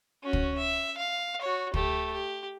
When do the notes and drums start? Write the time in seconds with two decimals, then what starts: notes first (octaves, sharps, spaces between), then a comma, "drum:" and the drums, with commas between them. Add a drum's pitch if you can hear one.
0.23 C#4 F#4
0.33 drum: kick
0.58 E5
0.97 F5
1.41 F#4 C#5
1.74 A3 G4, drum: kick
2.12 G4